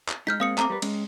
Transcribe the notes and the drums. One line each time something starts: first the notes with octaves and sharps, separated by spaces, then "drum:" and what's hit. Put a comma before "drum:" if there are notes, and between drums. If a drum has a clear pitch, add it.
drum: clap
G#3 D#4 F6 G6 B6
G#3 A#3 C4 F5 D#6 C#7
A3 C4 A#5 D6, drum: clap
G3 A#4 B4
G#3 C#4, drum: cymbal